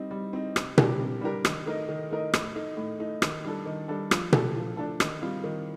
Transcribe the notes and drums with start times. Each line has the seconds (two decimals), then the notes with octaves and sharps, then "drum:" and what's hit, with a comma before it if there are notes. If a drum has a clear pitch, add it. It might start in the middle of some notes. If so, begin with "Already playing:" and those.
Already playing: G3 C4 D#4
0.11 G3
0.33 C4 D#4
0.56 C3, drum: rim click
0.78 G3 D4 G4 A#4, drum: tom B2
1.00 C3
1.21 G3 D4 G4 A#4
1.45 D#3, drum: rim click
1.66 A3 D#4 A#4 D#5
1.89 D#3
2.11 A3 D#4 A#4 D#5
2.34 A2, drum: rim click
2.55 A3 D#4
2.77 A2
3.00 A3 D#4
3.22 D#3, drum: rim click
3.44 G3 D4 A4
3.66 D#3
3.88 G3 D4 A4
4.11 F3, drum: rim click
4.33 A3 D4 A4, drum: tom B2
4.56 F3
4.77 A3 D4 A4
5.00 D#3, drum: rim click
5.22 G3 C4 F4
5.44 D#3